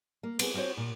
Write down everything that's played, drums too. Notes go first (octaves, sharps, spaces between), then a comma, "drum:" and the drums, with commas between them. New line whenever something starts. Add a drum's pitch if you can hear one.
A#3
B3 C4 G#4, drum: cymbal
B3 C4 F#4 C5 C#5
A#2